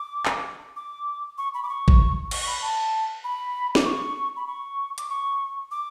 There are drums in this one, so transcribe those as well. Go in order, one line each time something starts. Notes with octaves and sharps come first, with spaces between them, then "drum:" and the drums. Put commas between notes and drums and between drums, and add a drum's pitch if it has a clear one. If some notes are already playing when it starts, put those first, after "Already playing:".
Already playing: D6
drum: clap
D6
C#6
B5
D6
C#6
drum: kick G#1
C#6, drum: cymbal
B5
A5
B5
D6, drum: snare
C#6
B5
C#6
D6, drum: hi-hat
C#6
D6